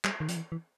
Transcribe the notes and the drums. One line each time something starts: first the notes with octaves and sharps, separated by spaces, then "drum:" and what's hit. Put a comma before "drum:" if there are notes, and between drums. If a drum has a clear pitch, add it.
G3, drum: clap
D#3
F3, drum: hi-hat
E3
E3